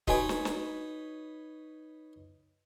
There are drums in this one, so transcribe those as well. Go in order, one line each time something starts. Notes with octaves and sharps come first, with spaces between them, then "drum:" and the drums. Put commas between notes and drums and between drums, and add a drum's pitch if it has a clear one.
D#4 F#4 B4 C#5 G#5, drum: kick
drum: snare
drum: snare